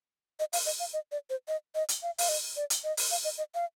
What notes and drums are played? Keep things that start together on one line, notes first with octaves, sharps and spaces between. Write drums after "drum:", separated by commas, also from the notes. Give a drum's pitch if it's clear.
D#5
F5, drum: open hi-hat
D#5
F5
D#5
D5
C5
D#5
D#5
drum: hi-hat
F5
F5, drum: open hi-hat
D#5
D5
drum: hi-hat
D#5
drum: open hi-hat
F5
D#5
D#5
F5